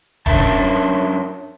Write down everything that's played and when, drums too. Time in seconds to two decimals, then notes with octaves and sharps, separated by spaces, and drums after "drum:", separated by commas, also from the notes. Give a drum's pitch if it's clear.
0.26 F#2 C#4 D4 A#4 E5 A5, drum: kick E1